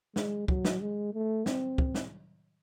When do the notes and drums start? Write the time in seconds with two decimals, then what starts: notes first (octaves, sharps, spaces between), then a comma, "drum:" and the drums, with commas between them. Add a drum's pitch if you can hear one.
0.16 G#3, drum: snare
0.48 F#3, drum: kick
0.65 drum: snare
0.81 G#3
1.14 A3
1.46 C4, drum: snare
1.78 drum: kick
1.95 drum: snare